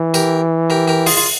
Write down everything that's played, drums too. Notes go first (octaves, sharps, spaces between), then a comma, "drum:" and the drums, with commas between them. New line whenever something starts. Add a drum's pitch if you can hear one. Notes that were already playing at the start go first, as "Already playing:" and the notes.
Already playing: E3
G4 A#4, drum: tambourine
G4 A#4
G4 A#4
F4 G#4, drum: open hi-hat
F4